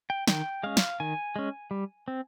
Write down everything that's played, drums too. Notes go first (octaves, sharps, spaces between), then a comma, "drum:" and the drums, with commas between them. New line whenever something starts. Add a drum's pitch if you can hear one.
G5
D#3 G5, drum: snare
G#3 C#4 F5
drum: snare
D#3 G#5
G#3 C#4
G3
C4